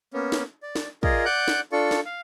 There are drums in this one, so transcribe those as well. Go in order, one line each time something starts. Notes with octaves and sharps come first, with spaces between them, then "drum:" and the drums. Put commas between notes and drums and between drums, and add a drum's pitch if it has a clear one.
A#3 B3 C#4
drum: snare
D5
drum: snare
F4 G#4 A#4 D5 D#5, drum: kick
D5 F#5 D6 F#6 G6
drum: snare
D4 F4 A4 D5 C#6
drum: snare
F5